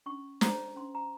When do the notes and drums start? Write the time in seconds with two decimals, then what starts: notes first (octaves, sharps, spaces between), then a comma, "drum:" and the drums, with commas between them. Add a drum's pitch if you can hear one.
0.06 C#4 C#6
0.41 C5 A#5, drum: snare
0.76 C#4 C6
0.95 A#5